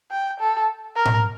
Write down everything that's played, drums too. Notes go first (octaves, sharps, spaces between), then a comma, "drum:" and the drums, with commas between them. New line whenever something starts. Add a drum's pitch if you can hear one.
G5
A4
A#4
drum: tom A2